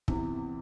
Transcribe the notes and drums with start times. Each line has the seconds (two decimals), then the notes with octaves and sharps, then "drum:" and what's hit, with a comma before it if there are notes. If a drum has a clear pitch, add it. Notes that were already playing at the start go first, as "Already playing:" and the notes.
0.08 E2 C3 E3, drum: kick